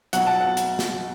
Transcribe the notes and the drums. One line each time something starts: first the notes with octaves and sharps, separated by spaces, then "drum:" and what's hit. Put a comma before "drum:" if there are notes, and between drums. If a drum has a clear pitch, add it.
B1 B2 F#3 F#5, drum: hi-hat
A5
F#5
drum: hi-hat
drum: snare